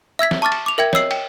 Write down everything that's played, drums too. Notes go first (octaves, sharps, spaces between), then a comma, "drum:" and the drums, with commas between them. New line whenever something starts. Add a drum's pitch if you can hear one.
E5 E6 G#6 B6
drum: snare
A5 C#6 D6 F6 A6
drum: cymbal
D6 F7
A#4 E5 G5 G#6
C#5 D#5 E6 C7 F#7, drum: snare
G5, drum: cymbal